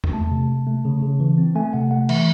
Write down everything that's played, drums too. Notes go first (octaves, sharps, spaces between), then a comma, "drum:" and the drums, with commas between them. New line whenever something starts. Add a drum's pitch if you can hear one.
drum: tom E2
A3 A5
C3
C3
A3
C#3
C#3
E3
C4
A3 G#5
C3 F#5
A3 F#5
E3 E5, drum: cymbal